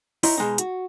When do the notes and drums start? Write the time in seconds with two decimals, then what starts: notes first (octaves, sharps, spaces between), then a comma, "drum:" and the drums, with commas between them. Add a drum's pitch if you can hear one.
0.23 D#4 E4 C#5 D#5 C6, drum: open hi-hat
0.38 B2 G#3 D#4
0.58 F#4, drum: hi-hat